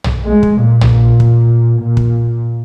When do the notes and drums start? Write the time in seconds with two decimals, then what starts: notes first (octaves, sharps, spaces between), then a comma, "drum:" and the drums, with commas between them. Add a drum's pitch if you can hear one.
0.04 drum: tom
0.24 G#3
0.43 drum: kick
0.62 A#2
0.81 drum: tom
1.20 drum: kick
1.80 A#2
1.97 drum: kick